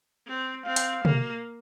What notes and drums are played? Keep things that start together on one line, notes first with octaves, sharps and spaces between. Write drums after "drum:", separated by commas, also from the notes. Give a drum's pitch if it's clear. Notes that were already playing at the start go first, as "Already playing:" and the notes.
C4
C4 F5
drum: hi-hat
A#3, drum: tom